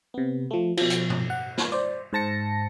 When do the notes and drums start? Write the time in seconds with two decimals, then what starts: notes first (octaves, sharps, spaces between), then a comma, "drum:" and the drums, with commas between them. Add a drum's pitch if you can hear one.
0.14 C3 B3
0.51 F3 A3
0.77 B2 F3, drum: cymbal
0.90 drum: hi-hat
1.10 drum: tom A2
1.30 F#5
1.57 drum: snare
1.72 C5 D5
2.13 G#2 C5 A5 A#6 C#7